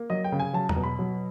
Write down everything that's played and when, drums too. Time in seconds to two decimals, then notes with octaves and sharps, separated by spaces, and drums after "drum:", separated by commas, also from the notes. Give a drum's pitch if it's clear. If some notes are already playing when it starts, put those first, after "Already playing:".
Already playing: A#3
0.10 F#3 D#5
0.24 G5
0.32 C#3
0.39 G#5
0.53 F#3 A5
0.69 A#5, drum: tom E2
0.76 B2
0.83 B5
0.99 F#3